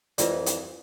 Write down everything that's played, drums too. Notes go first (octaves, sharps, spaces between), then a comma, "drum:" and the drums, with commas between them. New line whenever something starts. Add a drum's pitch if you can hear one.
C2 F2 E3 F4 D5 D#5, drum: hi-hat
drum: hi-hat